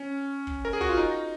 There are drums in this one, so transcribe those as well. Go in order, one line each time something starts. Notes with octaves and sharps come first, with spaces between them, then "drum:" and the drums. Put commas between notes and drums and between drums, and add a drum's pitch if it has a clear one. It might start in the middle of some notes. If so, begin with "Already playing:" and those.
Already playing: C#4
drum: kick
A#4
G#4
F#4, drum: kick
F4
D#4